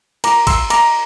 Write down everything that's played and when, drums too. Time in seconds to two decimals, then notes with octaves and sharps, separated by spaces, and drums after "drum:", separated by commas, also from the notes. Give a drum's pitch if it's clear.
0.24 F4 A#4 A#5 D6, drum: cymbal
0.47 C6 E6, drum: kick, cymbal
0.70 A#5 D6, drum: cymbal